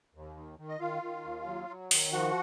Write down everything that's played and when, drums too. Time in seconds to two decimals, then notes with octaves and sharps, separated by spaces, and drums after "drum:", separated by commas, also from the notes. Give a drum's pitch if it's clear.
0.15 D#2
0.37 D#3
0.59 D#3
0.69 D#5
0.80 D#3 F4 F5
1.03 D#3
1.24 D#2
1.46 F#3
1.69 F#3
1.91 D#3, drum: open hi-hat
2.13 F3 F#4 F#5